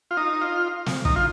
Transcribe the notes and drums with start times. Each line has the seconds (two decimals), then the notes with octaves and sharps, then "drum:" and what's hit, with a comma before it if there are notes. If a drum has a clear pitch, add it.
0.11 F4
0.17 D#4
0.41 F4
0.86 drum: snare
1.05 D#4, drum: kick
1.16 F4